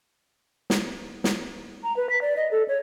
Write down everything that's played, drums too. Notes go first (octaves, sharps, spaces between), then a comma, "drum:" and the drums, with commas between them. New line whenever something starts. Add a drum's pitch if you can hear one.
drum: snare
drum: snare
A#5
B4
B6
D5
D#5
A4
C#5